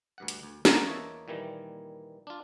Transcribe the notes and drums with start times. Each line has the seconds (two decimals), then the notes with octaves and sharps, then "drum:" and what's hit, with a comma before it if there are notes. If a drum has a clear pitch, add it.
0.18 D2 G2 F#5
0.28 drum: hi-hat
0.43 D2
0.65 D4 D#4 F4 F#4 A#4 C5, drum: snare
0.86 E2 A#3 C#5 D#5 E5 A5
1.28 A#2 D#3 E3 G3
2.27 D4 F4